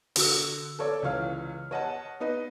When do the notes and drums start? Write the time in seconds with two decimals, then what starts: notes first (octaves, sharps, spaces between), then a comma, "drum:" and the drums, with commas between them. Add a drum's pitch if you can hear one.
0.16 D3 F#4 E6, drum: open hi-hat
0.79 A4 C#5 D5
1.02 C#2 E3 C#5 F5 F6
1.71 C#5 D#5 F#5 A5
2.20 B3 D#4 D#5